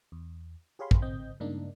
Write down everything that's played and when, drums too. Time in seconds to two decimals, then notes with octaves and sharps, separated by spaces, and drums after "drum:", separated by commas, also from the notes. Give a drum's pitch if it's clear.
0.12 E2
0.79 G4 G#4 C#5 F5 B5 C6
0.91 drum: kick
1.02 G#1 C4 D#5 G6
1.40 G2 C#3 G#3 A#3 D4 D#4